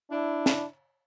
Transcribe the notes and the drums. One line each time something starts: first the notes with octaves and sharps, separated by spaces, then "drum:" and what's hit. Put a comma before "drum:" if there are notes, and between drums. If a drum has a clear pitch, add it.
D4 E4
drum: snare